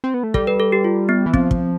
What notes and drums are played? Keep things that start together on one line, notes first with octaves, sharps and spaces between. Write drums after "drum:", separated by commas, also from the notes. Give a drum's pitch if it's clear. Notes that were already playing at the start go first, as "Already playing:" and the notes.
C4
B3
A3
G3 A4, drum: kick
B4
A4
G4
F4
B3
E3
F3 C4, drum: kick
drum: kick